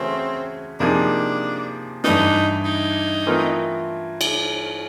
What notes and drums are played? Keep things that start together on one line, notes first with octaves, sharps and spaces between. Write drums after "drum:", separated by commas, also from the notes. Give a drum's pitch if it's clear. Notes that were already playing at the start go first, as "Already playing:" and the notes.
Already playing: C#3 E3 A3 C4 C#4 F#4
C3 F3 A#3 D4 D#4 G#4
G2 E3 A3 D4 D#4, drum: snare
D#4
E3 A3 C4 F4 A#4
drum: cymbal